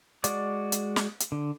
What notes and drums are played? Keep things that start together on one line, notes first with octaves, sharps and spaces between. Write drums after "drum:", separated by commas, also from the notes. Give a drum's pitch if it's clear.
G#3 F#4 D5 D6, drum: hi-hat
drum: hi-hat
drum: snare
drum: hi-hat
D3